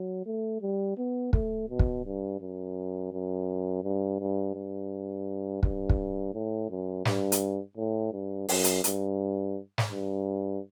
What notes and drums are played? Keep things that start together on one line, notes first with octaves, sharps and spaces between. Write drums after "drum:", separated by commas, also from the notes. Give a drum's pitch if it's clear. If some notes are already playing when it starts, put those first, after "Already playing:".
Already playing: F#3
A3
G3
B3
A3, drum: kick
B2
drum: kick
G2
F#2
F#2
G2
G2
G2
G2, drum: kick
drum: kick
A2
F#2
G2, drum: snare
drum: hi-hat
A2
G2
F#2, drum: open hi-hat
drum: hi-hat
G2, drum: hi-hat
drum: snare
G2